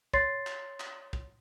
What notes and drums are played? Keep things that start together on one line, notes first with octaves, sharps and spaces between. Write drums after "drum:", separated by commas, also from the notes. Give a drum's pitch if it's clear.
C#5 C6 A6 C7, drum: kick
drum: clap
drum: clap
drum: kick